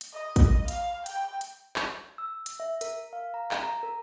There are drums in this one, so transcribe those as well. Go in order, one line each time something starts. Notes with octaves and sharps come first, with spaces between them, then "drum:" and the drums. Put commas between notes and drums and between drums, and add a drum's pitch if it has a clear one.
drum: hi-hat
D#5
drum: kick, hi-hat
F5, drum: hi-hat
G5, drum: hi-hat
drum: hi-hat
drum: clap
E6
drum: hi-hat
E5
A#4, drum: hi-hat
F5
A#5
drum: clap
A#5
A#4